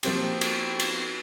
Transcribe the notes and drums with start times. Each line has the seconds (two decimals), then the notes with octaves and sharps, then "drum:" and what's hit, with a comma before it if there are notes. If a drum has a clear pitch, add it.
0.03 F3 A#3 C4 G4, drum: cymbal
0.41 drum: cymbal
0.80 drum: cymbal